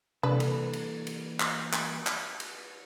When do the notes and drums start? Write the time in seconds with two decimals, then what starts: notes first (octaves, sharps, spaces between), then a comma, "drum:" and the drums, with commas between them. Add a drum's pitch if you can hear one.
0.23 C3 E3 G3 A#3 D4 A4 B4
0.40 drum: cymbal
0.73 drum: cymbal
1.07 drum: cymbal
1.40 drum: clap
1.73 drum: clap
2.07 drum: clap
2.40 drum: cymbal